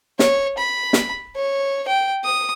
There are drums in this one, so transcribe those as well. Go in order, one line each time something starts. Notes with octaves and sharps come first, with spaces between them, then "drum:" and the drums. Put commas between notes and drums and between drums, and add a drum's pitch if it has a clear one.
C#5, drum: snare
B5
drum: snare
C#5
G5
D#6